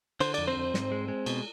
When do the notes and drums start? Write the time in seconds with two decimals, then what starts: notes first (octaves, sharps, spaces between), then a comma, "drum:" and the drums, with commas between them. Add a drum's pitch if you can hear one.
0.20 D3 C5, drum: cymbal
0.34 F2 D5, drum: cymbal
0.47 C4 C5
0.57 F2
0.74 G#2, drum: snare
0.92 G#3
1.08 G#3
1.26 B2, drum: cymbal